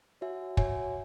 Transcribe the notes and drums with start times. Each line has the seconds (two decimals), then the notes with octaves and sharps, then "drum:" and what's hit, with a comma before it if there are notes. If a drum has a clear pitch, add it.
0.21 F#4 C#5 E5 G#5
0.57 F#4 C#5 E5 G#5, drum: kick